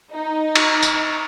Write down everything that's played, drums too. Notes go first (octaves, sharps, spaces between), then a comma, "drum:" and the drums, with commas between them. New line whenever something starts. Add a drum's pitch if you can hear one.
D#4
drum: cymbal
drum: tambourine